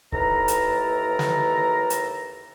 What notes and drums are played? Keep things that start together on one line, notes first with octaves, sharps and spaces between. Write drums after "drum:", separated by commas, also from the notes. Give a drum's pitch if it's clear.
D#2 E3 A4 A#4 A#5, drum: kick C#1
drum: hi-hat
drum: snare
drum: hi-hat